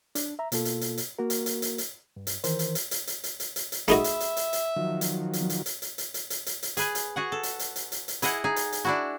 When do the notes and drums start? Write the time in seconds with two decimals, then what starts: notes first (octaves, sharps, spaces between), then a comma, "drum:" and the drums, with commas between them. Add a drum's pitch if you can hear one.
0.15 D4, drum: hi-hat
0.39 E5 A#5
0.52 B2 A#3 F4 A4, drum: hi-hat
0.65 drum: hi-hat
0.81 drum: hi-hat
0.98 drum: hi-hat
1.19 A#3 F#4 A#4
1.30 drum: hi-hat
1.46 drum: hi-hat
1.62 drum: hi-hat
1.78 drum: hi-hat
2.17 G2
2.27 drum: hi-hat
2.44 D#3 E3 A#4 C5, drum: hi-hat
2.59 drum: hi-hat
2.75 drum: hi-hat
2.91 drum: hi-hat
3.07 drum: hi-hat
3.24 drum: hi-hat
3.40 drum: hi-hat
3.56 drum: hi-hat
3.72 drum: hi-hat
3.88 A3 D#4 F#4 G#4 E5 B5, drum: hi-hat
4.04 drum: hi-hat
4.20 drum: hi-hat
4.37 drum: hi-hat
4.53 drum: hi-hat
4.77 D#3 F3 F#3
5.01 drum: hi-hat
5.33 drum: hi-hat
5.50 drum: hi-hat
5.66 drum: hi-hat
5.82 drum: hi-hat
5.98 drum: hi-hat
6.14 drum: hi-hat
6.30 drum: hi-hat
6.46 drum: hi-hat
6.63 drum: hi-hat
6.77 G#4 B4 G#5, drum: hi-hat
6.95 drum: hi-hat
7.16 F#4 G#4 F#5
7.32 A4
7.43 drum: hi-hat
7.59 drum: hi-hat
7.76 drum: hi-hat
7.92 drum: hi-hat
8.08 drum: hi-hat
8.22 E4 G#4 D#5 F#5, drum: hi-hat
8.44 D#4 G#4
8.56 drum: hi-hat
8.72 drum: hi-hat
8.85 D4 E4 F#4